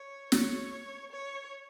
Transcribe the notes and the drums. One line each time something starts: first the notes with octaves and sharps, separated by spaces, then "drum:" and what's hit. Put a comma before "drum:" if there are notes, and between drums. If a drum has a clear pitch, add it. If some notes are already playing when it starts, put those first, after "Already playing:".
Already playing: C#5
C#5, drum: snare
C#5